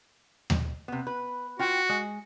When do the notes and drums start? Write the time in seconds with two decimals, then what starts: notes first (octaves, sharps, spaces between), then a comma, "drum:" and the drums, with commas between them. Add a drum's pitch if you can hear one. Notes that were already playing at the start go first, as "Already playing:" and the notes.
0.50 drum: tom D#2
0.88 C3 B3
1.07 B4
1.59 F4 F#4 G5
1.89 G#3